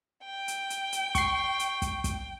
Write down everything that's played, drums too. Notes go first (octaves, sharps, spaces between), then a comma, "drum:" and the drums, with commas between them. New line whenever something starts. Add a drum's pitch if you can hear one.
G5
drum: hi-hat
drum: hi-hat
drum: hi-hat
C#6 C7, drum: kick, hi-hat
drum: hi-hat
drum: kick, hi-hat
drum: kick, hi-hat